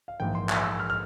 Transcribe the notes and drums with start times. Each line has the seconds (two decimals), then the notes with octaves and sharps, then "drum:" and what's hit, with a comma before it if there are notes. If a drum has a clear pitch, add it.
0.08 F5
0.20 A#1 G#2 E3 A#3 G5
0.35 C6
0.49 C#6, drum: clap
0.64 E6
0.79 F6
0.90 F6